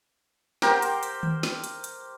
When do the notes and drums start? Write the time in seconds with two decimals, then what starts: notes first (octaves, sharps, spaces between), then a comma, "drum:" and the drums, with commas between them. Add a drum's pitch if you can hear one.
0.62 G4 A#4 C5 G5, drum: snare
0.82 drum: hi-hat
1.03 drum: hi-hat
1.23 drum: tom D#3
1.43 drum: snare
1.64 drum: hi-hat
1.84 drum: hi-hat